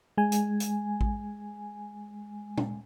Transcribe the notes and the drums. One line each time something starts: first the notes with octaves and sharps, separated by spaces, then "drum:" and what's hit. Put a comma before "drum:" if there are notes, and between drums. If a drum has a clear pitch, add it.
G#3 G#5
drum: hi-hat
drum: hi-hat
drum: kick A1
drum: tom